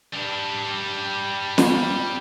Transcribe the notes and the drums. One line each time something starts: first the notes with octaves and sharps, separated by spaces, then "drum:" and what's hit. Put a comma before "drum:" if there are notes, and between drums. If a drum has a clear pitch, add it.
G3 D4
drum: snare